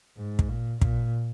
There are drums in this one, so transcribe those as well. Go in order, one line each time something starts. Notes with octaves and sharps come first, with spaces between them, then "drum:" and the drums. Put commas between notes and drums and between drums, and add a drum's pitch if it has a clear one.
G#2
drum: kick
A#2
A#2, drum: kick